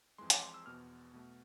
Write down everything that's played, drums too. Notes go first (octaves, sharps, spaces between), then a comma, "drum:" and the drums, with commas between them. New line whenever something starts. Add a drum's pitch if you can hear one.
F2 E3 G#3 C6
D6, drum: hi-hat
C6
E6
E2 B2 B3 F6
B2 A3